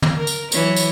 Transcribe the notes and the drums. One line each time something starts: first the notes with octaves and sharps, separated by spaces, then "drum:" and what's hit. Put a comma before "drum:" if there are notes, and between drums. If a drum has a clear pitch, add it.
drum: tom
A#4
drum: tambourine
E3 F#3 C#5, drum: tambourine
drum: tambourine